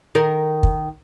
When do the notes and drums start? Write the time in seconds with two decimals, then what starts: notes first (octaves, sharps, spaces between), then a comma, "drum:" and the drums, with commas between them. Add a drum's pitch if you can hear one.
0.15 D#3 A#4
0.63 drum: kick